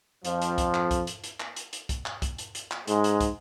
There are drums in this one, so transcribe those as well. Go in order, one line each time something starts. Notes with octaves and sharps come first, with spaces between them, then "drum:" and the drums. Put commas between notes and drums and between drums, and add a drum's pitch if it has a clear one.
F2 F3, drum: hi-hat
drum: hi-hat
drum: kick, hi-hat
drum: clap
drum: kick, hi-hat
drum: hi-hat
drum: hi-hat
drum: clap
drum: hi-hat
drum: hi-hat
drum: kick, hi-hat
drum: clap
drum: kick, hi-hat
drum: hi-hat
drum: hi-hat
drum: clap
G#2 G#3, drum: hi-hat
drum: hi-hat
drum: kick, hi-hat